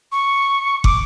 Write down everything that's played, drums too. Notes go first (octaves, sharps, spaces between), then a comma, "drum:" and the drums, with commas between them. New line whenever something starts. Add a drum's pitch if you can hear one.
C#6
D6, drum: kick